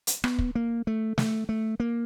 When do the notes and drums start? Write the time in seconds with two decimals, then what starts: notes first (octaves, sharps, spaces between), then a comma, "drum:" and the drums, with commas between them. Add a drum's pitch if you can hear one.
0.07 drum: hi-hat
0.24 B3, drum: rim click
0.39 drum: kick
0.55 A#3
0.87 A3
1.18 A3, drum: snare
1.49 A3
1.80 A#3